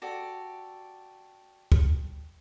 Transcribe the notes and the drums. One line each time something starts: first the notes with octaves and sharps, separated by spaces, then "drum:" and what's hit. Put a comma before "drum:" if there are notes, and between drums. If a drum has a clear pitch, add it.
F#4 G4 A4 D5
drum: kick